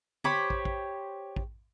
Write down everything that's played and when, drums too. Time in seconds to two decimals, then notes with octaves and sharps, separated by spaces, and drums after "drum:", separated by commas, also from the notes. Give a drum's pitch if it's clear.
0.24 G4 C5 C#5 B5, drum: tom
0.50 drum: kick
0.65 drum: kick
1.36 drum: kick